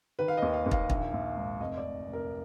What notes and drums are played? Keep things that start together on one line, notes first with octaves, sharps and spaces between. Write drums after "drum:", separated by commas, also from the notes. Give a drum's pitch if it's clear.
D#3 B4
F5
D#2 D#5
F5
D#2
F5, drum: kick
A#1, drum: kick
A#1
G#2
F1 D#5
D5
F1
F1
A#4